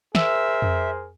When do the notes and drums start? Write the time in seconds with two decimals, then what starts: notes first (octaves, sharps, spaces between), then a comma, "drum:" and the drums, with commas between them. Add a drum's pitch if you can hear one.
0.15 G#4 A#4 C5 E5, drum: snare
0.62 drum: tom F2